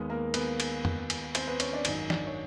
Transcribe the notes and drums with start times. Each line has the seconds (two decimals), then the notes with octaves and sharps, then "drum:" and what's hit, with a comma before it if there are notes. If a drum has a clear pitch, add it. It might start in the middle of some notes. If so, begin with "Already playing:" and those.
Already playing: D#2 D#3 G#3 B3
0.10 A#3 A#4
0.34 B3 B4, drum: cymbal
0.60 drum: cymbal
0.85 drum: tom F2
1.10 drum: cymbal
1.35 C4 C5, drum: cymbal
1.47 B3 B4
1.60 C#4 C#5, drum: cymbal
1.72 D4 D5
1.85 G#1 F#2 D#3 D#4 D#5, drum: cymbal
2.10 D4 D5, drum: snare
2.27 C#5